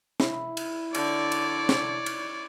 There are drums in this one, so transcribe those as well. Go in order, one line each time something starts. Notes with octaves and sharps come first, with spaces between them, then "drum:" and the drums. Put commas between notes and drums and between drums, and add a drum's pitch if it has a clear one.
E4, drum: snare
drum: cymbal
D3 C#5 D5, drum: cymbal
drum: cymbal
drum: snare
drum: cymbal